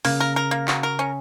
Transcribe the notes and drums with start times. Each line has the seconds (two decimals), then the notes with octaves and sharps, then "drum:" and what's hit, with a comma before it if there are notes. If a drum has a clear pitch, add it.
0.05 C#3 A#3, drum: open hi-hat
0.20 A#4
0.36 A#4
0.51 A#3
0.68 F#4, drum: clap
0.83 A#4
0.99 C#4